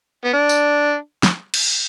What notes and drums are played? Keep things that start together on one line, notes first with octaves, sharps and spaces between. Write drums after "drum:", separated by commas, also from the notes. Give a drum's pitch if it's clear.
B3
D4
drum: tambourine
drum: snare
drum: cymbal